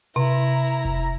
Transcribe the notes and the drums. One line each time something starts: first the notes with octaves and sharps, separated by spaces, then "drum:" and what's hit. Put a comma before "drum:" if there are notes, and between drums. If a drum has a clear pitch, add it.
C3 E4 A#5
drum: kick F1